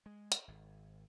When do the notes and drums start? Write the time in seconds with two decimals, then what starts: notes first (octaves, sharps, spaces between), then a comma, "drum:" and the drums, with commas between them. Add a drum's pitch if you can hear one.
0.06 G#3
0.32 drum: hi-hat
0.48 G#1